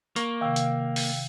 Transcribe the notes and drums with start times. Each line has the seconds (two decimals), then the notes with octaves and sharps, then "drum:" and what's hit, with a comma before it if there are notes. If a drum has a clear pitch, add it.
0.16 A#3 C#6, drum: hi-hat
0.41 C3 D#3 F5 G5 E6
0.56 drum: hi-hat
0.96 drum: open hi-hat